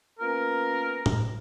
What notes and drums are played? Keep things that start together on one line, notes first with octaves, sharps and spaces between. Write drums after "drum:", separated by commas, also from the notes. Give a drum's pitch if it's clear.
A#3 B3 C#4 F4 A#4
drum: tom A2